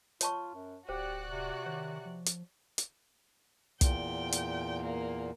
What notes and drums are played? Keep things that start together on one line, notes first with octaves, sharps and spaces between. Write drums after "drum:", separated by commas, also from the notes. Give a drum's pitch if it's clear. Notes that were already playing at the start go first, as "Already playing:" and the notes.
F4 C#5 A5 C#6, drum: hi-hat
F#2
D1 F#4 G4 C5 D5 F#6
C3
D#3 C#5
F3
drum: hi-hat
drum: hi-hat
E2 A#2 G5, drum: kick, hi-hat
drum: hi-hat
A#3